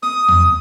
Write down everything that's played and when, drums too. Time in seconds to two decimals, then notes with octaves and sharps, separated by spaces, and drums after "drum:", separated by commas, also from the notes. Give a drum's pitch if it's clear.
0.03 D#6, drum: snare
0.28 drum: tom E2